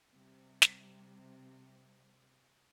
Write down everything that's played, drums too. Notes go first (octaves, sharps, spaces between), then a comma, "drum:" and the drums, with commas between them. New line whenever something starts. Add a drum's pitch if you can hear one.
C3 G3
drum: snare